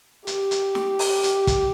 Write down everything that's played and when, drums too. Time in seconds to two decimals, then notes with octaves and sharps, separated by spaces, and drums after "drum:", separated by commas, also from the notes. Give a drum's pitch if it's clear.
0.27 G4, drum: hi-hat
0.51 drum: hi-hat
0.75 drum: snare
0.99 drum: open hi-hat
1.23 drum: hi-hat
1.47 drum: kick, hi-hat